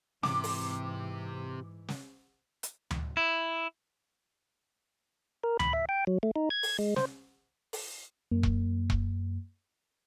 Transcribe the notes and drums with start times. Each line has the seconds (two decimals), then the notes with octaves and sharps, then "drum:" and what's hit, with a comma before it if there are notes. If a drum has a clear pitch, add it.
0.23 G#2 C3 E3 D6, drum: snare
0.44 drum: open hi-hat
1.88 drum: snare
2.63 drum: hi-hat
2.91 drum: tom D2
3.17 E4
5.44 A#4
5.59 B5, drum: tom D2
5.73 E5
5.89 G5
6.07 F#3
6.23 A3
6.36 D#4
6.50 G#6
6.63 drum: open hi-hat
6.79 G#3
6.96 C5, drum: snare
7.73 drum: open hi-hat
8.31 F#2 A#3
8.43 drum: kick E1
8.90 drum: kick E1